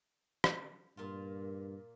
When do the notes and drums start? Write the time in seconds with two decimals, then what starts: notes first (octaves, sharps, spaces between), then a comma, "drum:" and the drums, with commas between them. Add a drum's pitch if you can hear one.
0.44 drum: rim click
0.97 G2 A#2 F4